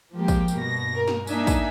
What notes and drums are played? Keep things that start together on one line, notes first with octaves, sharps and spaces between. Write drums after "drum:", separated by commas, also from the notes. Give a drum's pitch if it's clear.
F3 G#3 A#3 G4
drum: kick, tambourine
drum: tambourine
G2 B2 A#6
A#4
drum: snare
A#3 D4 D#4 E5 G#5, drum: tambourine
drum: kick, tambourine